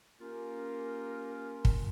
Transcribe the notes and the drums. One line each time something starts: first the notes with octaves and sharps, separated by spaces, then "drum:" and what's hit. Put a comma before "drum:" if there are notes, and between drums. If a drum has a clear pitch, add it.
A#3 C#4 F4 G4 A#4
drum: kick